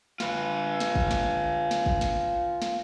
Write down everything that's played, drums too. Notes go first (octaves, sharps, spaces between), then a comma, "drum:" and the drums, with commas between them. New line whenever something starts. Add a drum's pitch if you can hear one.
F4 B4, drum: snare
drum: snare
drum: kick
drum: snare
drum: snare
drum: kick
drum: snare
drum: snare